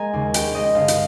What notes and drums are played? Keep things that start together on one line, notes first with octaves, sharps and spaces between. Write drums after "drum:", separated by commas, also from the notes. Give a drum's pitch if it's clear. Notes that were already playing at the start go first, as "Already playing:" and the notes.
Already playing: G#3 A#3 G#5 A#5
D#2 C#3
C#2 G5, drum: hi-hat
C#3 G#3 D#5
G1 F5
drum: hi-hat